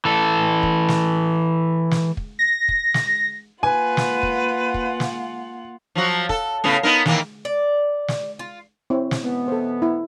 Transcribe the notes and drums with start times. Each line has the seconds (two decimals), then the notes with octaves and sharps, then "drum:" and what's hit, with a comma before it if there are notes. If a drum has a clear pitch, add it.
0.05 E3 A4
0.63 drum: kick
0.89 drum: snare
1.91 drum: snare
2.17 drum: kick
2.39 A#6
2.69 drum: kick
2.94 drum: snare
3.63 A#3 F4 B4 F#5 G#5
3.97 drum: snare
4.23 drum: kick
4.74 drum: kick
5.00 drum: snare
5.95 F3 F#3 F#4
6.29 A4, drum: kick
6.64 A2 C#3 B3
6.83 B3 D#4 A#4
7.06 D#3 E3 A#3, drum: snare
7.45 D5
8.08 drum: snare
8.39 F4
8.90 C4 E4 C#5
9.11 drum: snare
9.23 B2 E3 B3
9.48 A4 C5
9.82 E4